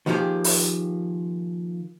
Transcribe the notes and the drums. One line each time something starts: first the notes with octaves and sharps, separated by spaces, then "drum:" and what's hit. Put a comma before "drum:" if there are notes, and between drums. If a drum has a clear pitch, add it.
D#3 F3 A#3 C#4 G4 G#4
drum: open hi-hat